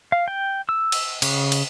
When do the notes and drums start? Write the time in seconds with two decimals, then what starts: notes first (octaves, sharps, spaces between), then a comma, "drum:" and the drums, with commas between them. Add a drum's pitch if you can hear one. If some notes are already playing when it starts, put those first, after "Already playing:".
0.12 F5
0.28 G5
0.69 E6
0.92 drum: cymbal
1.22 C#3, drum: cymbal
1.52 drum: cymbal